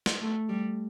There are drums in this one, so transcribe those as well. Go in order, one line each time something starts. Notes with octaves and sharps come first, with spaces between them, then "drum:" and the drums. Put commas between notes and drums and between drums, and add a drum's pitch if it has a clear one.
drum: snare
A3
G3